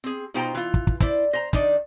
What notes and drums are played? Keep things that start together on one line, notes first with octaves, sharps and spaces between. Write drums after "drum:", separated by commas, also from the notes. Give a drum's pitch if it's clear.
C4 G#4
B2 D#4 F4 C5 G5 A#5
E3 F4
drum: kick
drum: kick
E4 C5 D5, drum: kick, hi-hat
C5 A#5
D#3 D4 D#4 D5, drum: kick, hi-hat